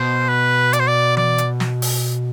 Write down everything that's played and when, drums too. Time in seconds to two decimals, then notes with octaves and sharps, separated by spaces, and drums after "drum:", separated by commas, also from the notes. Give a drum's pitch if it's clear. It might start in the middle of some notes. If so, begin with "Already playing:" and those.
Already playing: B2 C5
0.29 B4
0.73 D5, drum: hi-hat
0.80 C5
0.87 D5
1.17 D5, drum: tom E3
1.38 drum: hi-hat
1.60 drum: snare
1.82 drum: open hi-hat